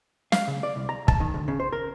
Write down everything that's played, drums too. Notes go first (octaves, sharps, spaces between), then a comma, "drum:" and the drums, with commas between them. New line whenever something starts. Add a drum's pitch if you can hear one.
F5, drum: snare
C#3
D5
C2
A#5
A5, drum: kick
D#3
D2
C#3
C5
A#4